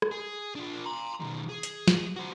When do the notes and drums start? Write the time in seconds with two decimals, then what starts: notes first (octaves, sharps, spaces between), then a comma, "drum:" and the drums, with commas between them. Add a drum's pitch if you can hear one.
0.02 drum: rim click
0.11 G#4
0.55 F3 D4
0.86 A#5 C6
1.20 B2 D#3
1.49 G#4
1.63 drum: hi-hat
1.88 drum: snare
2.16 F#4 C5